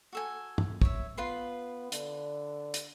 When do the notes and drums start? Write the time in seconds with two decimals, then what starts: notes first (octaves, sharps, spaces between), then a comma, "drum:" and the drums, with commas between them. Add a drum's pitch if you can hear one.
0.13 F#4 A4 G#5
0.58 drum: tom
0.82 C#5 E5, drum: kick
1.17 B3 F4 B4 C6
1.92 D3, drum: hi-hat
2.74 drum: hi-hat